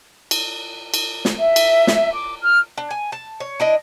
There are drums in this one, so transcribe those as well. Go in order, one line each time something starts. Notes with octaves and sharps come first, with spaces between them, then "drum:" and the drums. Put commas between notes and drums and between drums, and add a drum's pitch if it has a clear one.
drum: cymbal
drum: cymbal
drum: snare
E5
drum: cymbal
drum: snare
D6
F6
D4
G#5
A5
C#5
D4 E4 D#5